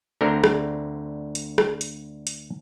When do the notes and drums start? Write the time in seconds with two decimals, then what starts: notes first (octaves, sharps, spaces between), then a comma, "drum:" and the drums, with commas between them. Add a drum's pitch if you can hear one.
0.21 D2 D3 C4 A#4
0.44 drum: rim click
1.35 drum: hi-hat
1.58 drum: rim click
1.81 drum: hi-hat
2.27 drum: hi-hat